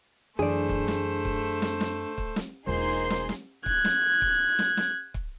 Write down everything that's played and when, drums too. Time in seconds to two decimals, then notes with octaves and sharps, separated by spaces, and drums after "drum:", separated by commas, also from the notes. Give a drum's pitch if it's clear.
0.39 F#2 E3 A3 D4 G#4 C5 D5
0.69 drum: kick C#1
0.88 drum: snare
1.25 drum: kick C#1
1.62 drum: snare
1.81 drum: snare
2.18 drum: kick C#1
2.36 drum: snare
2.67 E1 A#3 D#4 F4 G#4 C5 C6
3.10 drum: snare
3.29 drum: snare
3.66 F#6 G#6, drum: kick C#1
3.85 drum: snare
4.22 drum: kick C#1
4.59 drum: snare
4.77 drum: snare
5.14 drum: kick C#1